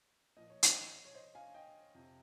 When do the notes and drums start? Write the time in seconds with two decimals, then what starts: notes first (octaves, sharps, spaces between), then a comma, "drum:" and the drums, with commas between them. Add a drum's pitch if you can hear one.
0.37 A#2 F3 D#5
0.50 C#5
0.63 C5 D#5, drum: hi-hat
1.05 C#5
1.14 C5 D#5
1.35 F5 G#5
1.54 D#5 G5
1.95 F2 C3 F3